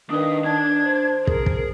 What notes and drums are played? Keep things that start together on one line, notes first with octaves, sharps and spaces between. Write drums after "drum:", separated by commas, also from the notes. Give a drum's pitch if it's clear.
D#3 D4 B4 D#6
D4 A5 G#6
C5
G#4 A#4, drum: kick
drum: kick